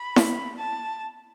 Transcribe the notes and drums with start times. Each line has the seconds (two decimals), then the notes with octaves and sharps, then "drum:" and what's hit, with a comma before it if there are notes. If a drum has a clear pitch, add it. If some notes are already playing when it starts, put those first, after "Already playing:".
Already playing: B5
0.16 drum: snare E4
0.58 A5